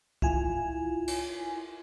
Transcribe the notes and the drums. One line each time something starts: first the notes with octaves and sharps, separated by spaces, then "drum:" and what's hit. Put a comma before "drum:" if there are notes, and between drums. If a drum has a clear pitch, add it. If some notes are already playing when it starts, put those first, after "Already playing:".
E4 F4 G#5, drum: kick C2
drum: cymbal